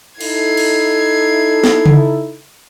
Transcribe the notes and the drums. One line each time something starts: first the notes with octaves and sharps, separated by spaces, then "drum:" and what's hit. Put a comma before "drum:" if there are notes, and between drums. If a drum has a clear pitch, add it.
D#4 E4 A4 G#6 C7, drum: cymbal
drum: cymbal
drum: snare
drum: tom C#3